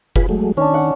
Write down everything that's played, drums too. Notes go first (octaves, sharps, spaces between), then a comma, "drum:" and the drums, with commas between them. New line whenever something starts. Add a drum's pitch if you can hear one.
F4 G#4 B4, drum: kick F1
F#3 G#3 A3
D#3 C#4 D4
F#5